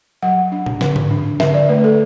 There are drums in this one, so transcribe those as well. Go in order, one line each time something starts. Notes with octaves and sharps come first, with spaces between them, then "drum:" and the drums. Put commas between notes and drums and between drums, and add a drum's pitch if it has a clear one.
F#3 F#5
D4
drum: tom A2
D3, drum: snare
drum: tom G#2
D4
D3 E5, drum: snare
D5
A3 B4
A4